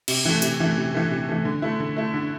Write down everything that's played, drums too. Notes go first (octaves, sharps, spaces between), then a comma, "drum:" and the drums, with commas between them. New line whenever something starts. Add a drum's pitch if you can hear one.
C3, drum: cymbal
E3 A3
C3, drum: hi-hat
E3 A3
C3
E3 A3
C3
E3 A3
D3
A3 E4
D3
A3 E4
D3